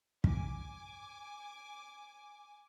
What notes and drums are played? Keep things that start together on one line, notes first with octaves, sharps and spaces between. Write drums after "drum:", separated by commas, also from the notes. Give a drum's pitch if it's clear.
G#5 D6, drum: kick